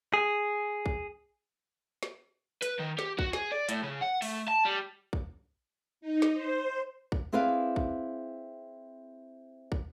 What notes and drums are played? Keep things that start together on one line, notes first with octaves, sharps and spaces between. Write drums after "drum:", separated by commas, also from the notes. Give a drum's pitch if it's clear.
G#4
drum: kick
drum: snare
B4, drum: hi-hat
D#3
G4, drum: snare
F#4, drum: kick
G#4, drum: snare
D5
A2, drum: hi-hat
C#3
F#5
A3, drum: open hi-hat
A5
G3
drum: kick
D#4
drum: snare
C5
drum: kick
C4 E4 G#4 B4 D5 F5
drum: kick
drum: kick